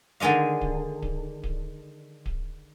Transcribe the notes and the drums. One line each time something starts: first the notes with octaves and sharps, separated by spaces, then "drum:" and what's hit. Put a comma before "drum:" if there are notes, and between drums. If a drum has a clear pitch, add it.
D3 D#3 G#3 D#5 F5
drum: kick D1
drum: kick D1
drum: kick D1
drum: kick D1